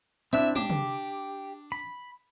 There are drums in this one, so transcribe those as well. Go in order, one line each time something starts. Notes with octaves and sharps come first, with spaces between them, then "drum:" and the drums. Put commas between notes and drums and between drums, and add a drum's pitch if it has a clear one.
C4 D4 E4 E5
D4 G4, drum: tom
drum: tom
B5